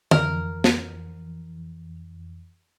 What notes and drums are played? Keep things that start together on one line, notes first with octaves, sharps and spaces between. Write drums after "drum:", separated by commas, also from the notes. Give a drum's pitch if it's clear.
F2 E3 A#4, drum: tom
drum: snare